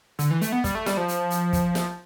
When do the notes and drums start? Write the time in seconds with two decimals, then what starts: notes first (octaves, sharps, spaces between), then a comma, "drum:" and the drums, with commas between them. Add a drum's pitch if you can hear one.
0.19 D3, drum: hi-hat
0.31 E3
0.42 A3, drum: hi-hat
0.52 B3
0.64 G3, drum: kick, hi-hat
0.75 A3
0.86 G3, drum: snare
0.97 F3
1.08 drum: hi-hat
1.30 drum: hi-hat
1.53 drum: kick, hi-hat
1.75 drum: snare